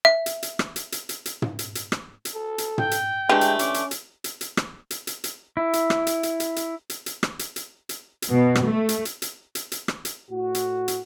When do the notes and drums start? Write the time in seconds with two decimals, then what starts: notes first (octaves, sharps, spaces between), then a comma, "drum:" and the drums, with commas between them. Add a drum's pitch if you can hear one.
0.05 E5
0.26 drum: hi-hat
0.43 drum: hi-hat
0.59 drum: rim click
0.76 drum: hi-hat
0.92 drum: hi-hat
1.09 drum: hi-hat
1.25 drum: hi-hat
1.42 drum: tom
1.59 drum: hi-hat
1.75 drum: hi-hat
1.92 drum: rim click
2.25 drum: hi-hat
2.34 A4
2.58 drum: hi-hat
2.78 G5, drum: tom
2.91 drum: hi-hat
3.29 D3 E3 G#3 A3 D4 G4
3.41 drum: hi-hat
3.59 C#4 D6, drum: hi-hat
3.74 drum: hi-hat
3.91 drum: hi-hat
4.24 drum: hi-hat
4.41 drum: hi-hat
4.57 drum: rim click
4.90 drum: hi-hat
5.07 drum: hi-hat
5.24 drum: hi-hat
5.57 E4
5.73 drum: hi-hat
5.90 drum: rim click
6.07 drum: hi-hat
6.23 drum: hi-hat
6.40 drum: hi-hat
6.56 drum: hi-hat
6.90 drum: hi-hat
7.06 drum: hi-hat
7.23 drum: rim click
7.39 drum: hi-hat
7.56 drum: hi-hat
7.89 drum: hi-hat
8.22 drum: hi-hat
8.31 B2
8.55 drum: rim click
8.67 A3
8.89 drum: hi-hat
9.05 drum: hi-hat
9.22 drum: hi-hat
9.55 drum: hi-hat
9.72 drum: hi-hat
9.88 drum: rim click
10.05 drum: hi-hat
10.30 A2 F#4
10.55 drum: hi-hat
10.88 drum: hi-hat